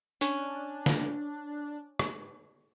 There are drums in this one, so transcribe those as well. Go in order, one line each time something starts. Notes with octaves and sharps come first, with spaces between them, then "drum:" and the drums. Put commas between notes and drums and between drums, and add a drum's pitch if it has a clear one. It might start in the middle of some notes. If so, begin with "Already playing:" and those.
C#4 D4, drum: hi-hat
drum: snare
drum: rim click